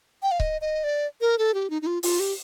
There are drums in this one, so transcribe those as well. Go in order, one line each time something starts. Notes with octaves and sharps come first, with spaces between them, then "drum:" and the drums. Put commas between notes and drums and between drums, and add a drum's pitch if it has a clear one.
G5
F5
D#5, drum: kick C#1
D#5
D5
A#4
A4
G4
D#4
D#4
F4
F4, drum: open hi-hat
G4